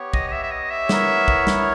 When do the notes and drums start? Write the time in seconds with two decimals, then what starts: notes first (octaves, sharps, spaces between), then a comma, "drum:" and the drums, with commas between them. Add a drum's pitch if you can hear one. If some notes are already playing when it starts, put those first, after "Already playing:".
Already playing: B3 G4 C#5
0.14 D#5, drum: kick
0.28 D#5
0.33 E5
0.43 E5
0.52 D#5
0.71 E5
0.89 B3 E4 A#4 C#5, drum: snare
1.28 drum: kick
1.47 drum: snare